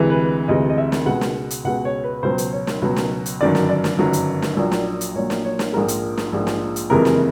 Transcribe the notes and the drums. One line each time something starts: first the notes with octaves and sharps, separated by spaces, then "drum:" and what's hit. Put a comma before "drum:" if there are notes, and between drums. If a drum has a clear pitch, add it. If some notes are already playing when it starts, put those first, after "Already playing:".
Already playing: D2 C3 E3 G#3
B4
D2 C3 E3 G#3 D#5
D#5
E5
drum: snare
C#2 B2 G#3 F#5
drum: snare
drum: hi-hat
C#2 B2 G#3 F#5
C#5
B4
C#2 B2 F#3 C5
drum: hi-hat
C#5
drum: snare
C#2 B2 F#3
drum: snare
drum: hi-hat
G1 F#2 D#3 F#3 D5
drum: snare
D5
drum: snare
G1 F#2 D#3 F#3
drum: hi-hat
drum: snare
A#1 A#2 F#3
drum: snare
drum: hi-hat
A#1 A#2 F#3 C#5
drum: snare
C#5
drum: snare
A#1 G#2 F3 G#3 A#4
drum: hi-hat
drum: snare
A#1 G#2 F3 G#3
drum: snare
drum: hi-hat
F#1 F2 C3 E3 G#3 A#4
drum: snare